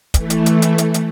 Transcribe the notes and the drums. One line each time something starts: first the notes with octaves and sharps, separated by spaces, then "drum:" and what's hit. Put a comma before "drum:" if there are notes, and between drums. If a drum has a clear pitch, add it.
E3 A3, drum: kick, hi-hat
drum: hi-hat
drum: hi-hat
drum: hi-hat
drum: hi-hat
drum: hi-hat